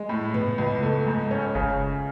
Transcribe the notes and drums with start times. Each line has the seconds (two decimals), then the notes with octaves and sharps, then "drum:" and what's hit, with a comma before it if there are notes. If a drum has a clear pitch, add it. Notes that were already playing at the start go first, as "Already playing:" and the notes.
Already playing: G#3
0.09 A2
0.34 B3, drum: tom
0.58 C#2
0.83 A3
1.07 G#2
1.31 C#4
1.55 C#3, drum: kick F#1